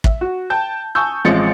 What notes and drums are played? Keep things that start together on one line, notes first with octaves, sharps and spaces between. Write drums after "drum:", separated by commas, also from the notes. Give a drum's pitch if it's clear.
E5, drum: kick
F#4
G5 A5 G6
G#5 A5 C#6 D#6 E6 G6
A1 F3 G#3 C4 A6 C#7